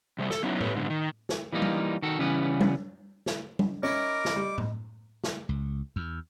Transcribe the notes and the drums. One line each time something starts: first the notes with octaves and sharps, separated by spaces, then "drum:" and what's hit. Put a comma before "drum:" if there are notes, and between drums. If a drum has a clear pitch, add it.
C3 G3 A3
A4, drum: snare
F#3 B3 C#4 D#4 E4
G4 A4 B4 C#5, drum: tom A2
G#2 D3
D#3
drum: snare
E3 G3 A#3 D#4 F4
drum: tom G3
D#3 F#4 A4
C#3 E3 G3 B3 C#4 B4
drum: tom G3
drum: snare
drum: tom G3
C#4 D#4 E4 A#4 C#6 D6
drum: snare
G3
drum: tom A2
drum: snare
C#2
E2